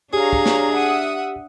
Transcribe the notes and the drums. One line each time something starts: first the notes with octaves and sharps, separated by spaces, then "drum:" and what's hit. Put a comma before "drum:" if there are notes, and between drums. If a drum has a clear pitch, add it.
D4 G4 G#4 C#5 F5 A#5
drum: kick
drum: snare
E5 F#5 D#6